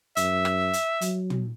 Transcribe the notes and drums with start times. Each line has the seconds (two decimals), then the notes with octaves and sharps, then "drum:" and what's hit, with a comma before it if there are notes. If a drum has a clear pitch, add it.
0.17 F#2 E5, drum: hi-hat
0.45 drum: rim click
0.73 drum: hi-hat
1.01 F#3, drum: hi-hat
1.30 drum: tom